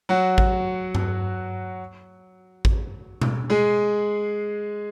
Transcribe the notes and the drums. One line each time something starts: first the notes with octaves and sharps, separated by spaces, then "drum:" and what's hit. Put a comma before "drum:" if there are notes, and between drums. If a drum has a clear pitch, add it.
F#3 F#4
drum: kick A1
drum: tom G2
drum: kick A1
drum: tom B2
G#3 G#4